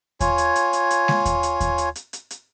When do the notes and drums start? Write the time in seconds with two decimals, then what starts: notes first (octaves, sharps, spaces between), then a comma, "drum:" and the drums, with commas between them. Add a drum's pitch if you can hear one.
0.20 F4 C#5 G#5, drum: kick D#2, hi-hat
0.38 drum: hi-hat
0.56 drum: hi-hat
0.73 drum: hi-hat
0.91 drum: hi-hat
1.08 drum: snare G#3
1.26 drum: kick D#2, hi-hat
1.43 drum: hi-hat
1.61 drum: kick D#2, hi-hat
1.78 drum: hi-hat
1.96 drum: hi-hat
2.13 drum: hi-hat
2.31 drum: hi-hat